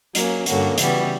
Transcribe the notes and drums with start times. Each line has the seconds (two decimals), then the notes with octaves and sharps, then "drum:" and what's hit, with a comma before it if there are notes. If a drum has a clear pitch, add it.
0.15 F#3 A#3 C#4, drum: hi-hat
0.46 G2 D3 A#3 C#4 F#4, drum: hi-hat
0.78 C#3 E3 G3 B3 F#4, drum: hi-hat